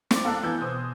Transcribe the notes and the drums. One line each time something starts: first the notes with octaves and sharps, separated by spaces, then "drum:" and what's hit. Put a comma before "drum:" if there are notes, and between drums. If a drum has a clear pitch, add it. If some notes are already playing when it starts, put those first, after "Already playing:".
C4 D5 A#5, drum: snare
A4 F5 A#5 F#6
E3 B3 G#5 E6 G6
B2 C5 D#6